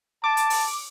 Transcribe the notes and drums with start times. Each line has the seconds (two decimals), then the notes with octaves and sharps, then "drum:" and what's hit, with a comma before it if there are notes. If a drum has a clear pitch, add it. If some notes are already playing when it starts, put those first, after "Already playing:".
0.24 A5 D6
0.37 drum: hi-hat
0.50 drum: open hi-hat